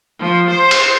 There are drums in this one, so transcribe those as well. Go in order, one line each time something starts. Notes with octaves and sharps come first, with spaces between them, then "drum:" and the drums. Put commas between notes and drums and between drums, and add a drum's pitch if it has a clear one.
F3
C5
drum: cymbal